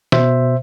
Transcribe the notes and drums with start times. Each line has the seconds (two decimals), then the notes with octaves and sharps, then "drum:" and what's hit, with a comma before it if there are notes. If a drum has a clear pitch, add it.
0.12 B2 C5 E5, drum: snare